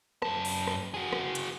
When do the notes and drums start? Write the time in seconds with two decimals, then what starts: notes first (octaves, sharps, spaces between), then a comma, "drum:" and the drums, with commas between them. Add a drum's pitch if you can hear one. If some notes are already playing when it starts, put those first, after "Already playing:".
0.22 F#2 A5, drum: rim click
0.45 drum: open hi-hat
0.67 drum: rim click
0.94 F#4 G#4
1.13 drum: rim click
1.35 drum: hi-hat